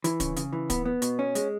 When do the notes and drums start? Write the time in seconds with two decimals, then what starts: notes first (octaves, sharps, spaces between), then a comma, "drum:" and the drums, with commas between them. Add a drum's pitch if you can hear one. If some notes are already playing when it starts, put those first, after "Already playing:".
0.04 E3, drum: hi-hat
0.20 C#3, drum: kick, hi-hat
0.36 C#3, drum: hi-hat
0.53 E3
0.70 B3, drum: kick, hi-hat
0.85 B3
1.02 B2, drum: hi-hat
1.19 C#4
1.35 G#3, drum: hi-hat